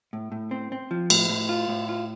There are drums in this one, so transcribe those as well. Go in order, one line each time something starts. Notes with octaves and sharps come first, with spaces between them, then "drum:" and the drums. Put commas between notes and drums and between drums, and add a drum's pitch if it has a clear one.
A2
A2
C4
C4
F3
A2, drum: cymbal
A2
F4
A2
F4